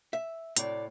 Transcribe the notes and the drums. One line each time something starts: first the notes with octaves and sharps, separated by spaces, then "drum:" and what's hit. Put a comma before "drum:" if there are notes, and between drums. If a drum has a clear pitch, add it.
E5
A2 C3 F#4 D5, drum: hi-hat